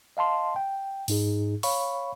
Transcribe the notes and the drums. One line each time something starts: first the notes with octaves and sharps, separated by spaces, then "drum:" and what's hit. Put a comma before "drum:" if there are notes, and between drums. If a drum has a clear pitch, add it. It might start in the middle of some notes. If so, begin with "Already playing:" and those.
D#5 F5 A5 C6
G5
G#2 D#4 G#4, drum: open hi-hat
C#5 F5 B5 C#6, drum: open hi-hat